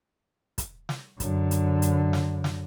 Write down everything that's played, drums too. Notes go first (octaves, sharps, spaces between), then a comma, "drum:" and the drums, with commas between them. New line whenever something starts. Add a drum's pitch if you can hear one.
drum: kick, hi-hat
drum: snare
F#2 D3, drum: kick, hi-hat
drum: hi-hat
drum: hi-hat
drum: snare
drum: snare